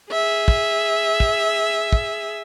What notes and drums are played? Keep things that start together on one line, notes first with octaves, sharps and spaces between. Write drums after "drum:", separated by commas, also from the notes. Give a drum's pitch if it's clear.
G#4 E5
drum: kick
drum: kick
drum: kick